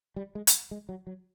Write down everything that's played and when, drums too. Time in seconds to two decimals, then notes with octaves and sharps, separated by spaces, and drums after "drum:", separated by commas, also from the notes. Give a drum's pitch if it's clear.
0.16 G3
0.35 G#3
0.47 drum: hi-hat
0.71 G#3
0.89 F#3
1.07 F#3